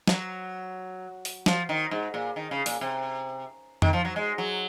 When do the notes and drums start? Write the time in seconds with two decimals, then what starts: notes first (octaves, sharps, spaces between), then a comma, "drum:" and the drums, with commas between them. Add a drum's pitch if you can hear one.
0.08 F3, drum: snare
0.12 F#3
1.25 drum: open hi-hat
1.46 F3, drum: snare
1.69 D#3
1.91 G#2
2.14 A#2
2.36 D#3
2.51 C#3
2.66 A#2, drum: open hi-hat
2.81 C3
3.82 D#3, drum: tom F2
3.93 F3
4.05 F#3
4.16 G#3
4.38 F#3